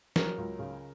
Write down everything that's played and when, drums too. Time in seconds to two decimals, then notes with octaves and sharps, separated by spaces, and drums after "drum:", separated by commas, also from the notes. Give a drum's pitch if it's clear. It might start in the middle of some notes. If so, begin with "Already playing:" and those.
0.16 F#3 A#4, drum: snare
0.38 C#2
0.59 C#3